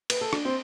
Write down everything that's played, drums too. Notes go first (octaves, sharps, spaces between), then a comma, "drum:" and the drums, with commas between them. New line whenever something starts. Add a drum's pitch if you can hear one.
B4, drum: cymbal
A4
D4, drum: rim click
C4